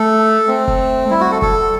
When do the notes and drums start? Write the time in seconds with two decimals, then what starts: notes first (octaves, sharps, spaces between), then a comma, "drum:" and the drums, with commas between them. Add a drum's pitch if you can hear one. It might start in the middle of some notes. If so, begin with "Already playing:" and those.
Already playing: A3 A4
0.47 A3 C4
0.68 drum: kick
1.05 A3
1.10 G3 E4
1.20 F#4
1.32 A4
1.42 A4, drum: kick